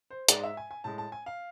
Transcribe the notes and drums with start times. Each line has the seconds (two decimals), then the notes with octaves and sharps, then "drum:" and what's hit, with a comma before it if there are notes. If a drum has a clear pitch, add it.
0.10 C5
0.28 G#2 G#3 D5, drum: hi-hat
0.44 E5
0.57 G#5
0.71 G#5
0.84 A2 G#3 A5
0.98 A5
1.12 G#5
1.26 F5